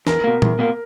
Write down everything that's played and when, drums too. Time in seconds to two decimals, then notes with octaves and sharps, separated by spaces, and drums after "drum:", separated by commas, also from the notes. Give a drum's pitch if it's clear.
0.07 E2 A#4, drum: snare
0.24 B2 A#3
0.42 E2, drum: tom A#2
0.59 B2 A#3